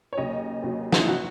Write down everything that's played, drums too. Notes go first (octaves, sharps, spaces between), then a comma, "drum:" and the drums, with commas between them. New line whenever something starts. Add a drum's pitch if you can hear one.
C#5
D#2 C#3 F#3 D#5
D#2 C#3 F#3
D#4, drum: snare
E4
C#3 F#3 F#4